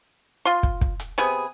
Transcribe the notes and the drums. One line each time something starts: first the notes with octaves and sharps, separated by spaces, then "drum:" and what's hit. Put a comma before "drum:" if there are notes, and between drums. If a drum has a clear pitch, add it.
F4 C6
drum: kick
drum: kick
drum: hi-hat
C3 B3 G#4